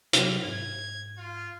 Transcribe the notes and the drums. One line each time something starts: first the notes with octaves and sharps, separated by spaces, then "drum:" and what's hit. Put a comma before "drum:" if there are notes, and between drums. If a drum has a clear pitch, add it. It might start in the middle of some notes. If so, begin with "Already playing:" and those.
C3 F#3, drum: hi-hat
G#2 G#6
F4